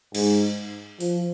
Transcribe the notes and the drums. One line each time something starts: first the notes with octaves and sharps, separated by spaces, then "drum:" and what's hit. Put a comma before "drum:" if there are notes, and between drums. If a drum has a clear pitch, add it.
G#2, drum: cymbal
F3, drum: open hi-hat